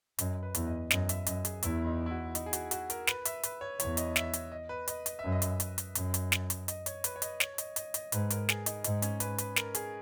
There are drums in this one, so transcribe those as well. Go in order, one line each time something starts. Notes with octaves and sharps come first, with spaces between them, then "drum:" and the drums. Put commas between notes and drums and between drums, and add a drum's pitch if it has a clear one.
F#2 D#5, drum: hi-hat
B4
E2, drum: hi-hat
D#5
F#2 D#5, drum: snare
E5, drum: hi-hat
F#2 D#5, drum: hi-hat
G#4, drum: hi-hat
E2 E4, drum: hi-hat
D#4
E4
F#4
D#4, drum: hi-hat
G#4
F#4, drum: hi-hat
F#4, drum: hi-hat
A#4, drum: hi-hat
B4, drum: snare
E5, drum: hi-hat
B4, drum: hi-hat
C#5
E2 C#5, drum: hi-hat
D#5, drum: hi-hat
E5, drum: snare
drum: hi-hat
D#5
B4
D#5, drum: hi-hat
D#5, drum: hi-hat
F#2 E5
D#5
drum: hi-hat
drum: hi-hat
drum: hi-hat
F#2, drum: hi-hat
drum: hi-hat
drum: snare
drum: hi-hat
D#5, drum: hi-hat
C#5, drum: hi-hat
B4, drum: hi-hat
C#5
D#5, drum: hi-hat
C#5, drum: snare
D#5, drum: hi-hat
D#5, drum: hi-hat
D#5, drum: hi-hat
G#2 B4, drum: hi-hat
A#4, drum: hi-hat
G#4, drum: snare
D#4, drum: hi-hat
G#2 D#4, drum: hi-hat
C#4, drum: hi-hat
B4, drum: hi-hat
B4, drum: hi-hat
A#4, drum: snare
G#4, drum: hi-hat